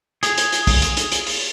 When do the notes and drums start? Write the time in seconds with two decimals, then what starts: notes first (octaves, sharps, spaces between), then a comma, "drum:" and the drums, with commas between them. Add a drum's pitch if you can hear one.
0.23 G#4, drum: hi-hat
0.38 drum: hi-hat
0.52 drum: hi-hat
0.67 drum: kick, open hi-hat
0.82 drum: hi-hat
0.97 drum: hi-hat
1.12 drum: hi-hat
1.26 drum: open hi-hat